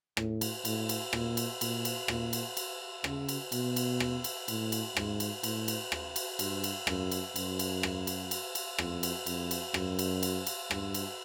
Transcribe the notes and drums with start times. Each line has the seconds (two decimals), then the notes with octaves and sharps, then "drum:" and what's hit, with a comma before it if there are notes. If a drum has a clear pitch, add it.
0.17 A2, drum: rim click
0.41 drum: cymbal
0.65 A2, drum: cymbal
0.89 drum: cymbal
1.13 A#2, drum: rim click
1.37 drum: cymbal
1.61 A#2, drum: cymbal
1.85 drum: cymbal
2.08 A#2, drum: rim click
2.33 drum: cymbal
2.57 drum: cymbal
3.04 C#3, drum: rim click
3.29 drum: cymbal
3.52 B2, drum: cymbal
3.76 drum: cymbal
4.00 drum: rim click
4.24 drum: cymbal
4.48 A2, drum: cymbal
4.72 drum: cymbal
4.97 G#2, drum: rim click
5.20 drum: cymbal
5.43 A2, drum: cymbal
5.68 drum: cymbal
5.92 drum: rim click
6.16 drum: cymbal
6.39 G2, drum: cymbal
6.64 drum: cymbal
6.87 F#2, drum: rim click
7.11 drum: cymbal
7.36 F#2, drum: cymbal
7.59 drum: cymbal
7.83 drum: rim click
8.07 drum: cymbal
8.31 drum: cymbal
8.55 drum: cymbal
8.78 F2, drum: rim click
9.03 drum: cymbal
9.26 F2, drum: cymbal
9.51 drum: cymbal
9.74 F#2, drum: rim click
9.99 drum: cymbal
10.23 drum: cymbal
10.47 drum: cymbal
10.71 G2, drum: rim click
10.94 drum: cymbal